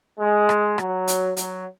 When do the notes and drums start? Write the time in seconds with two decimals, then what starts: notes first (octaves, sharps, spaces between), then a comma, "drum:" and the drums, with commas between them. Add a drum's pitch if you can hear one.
0.20 G#3
0.49 drum: rim click
0.78 F#3, drum: rim click
1.08 drum: hi-hat
1.37 F#3, drum: hi-hat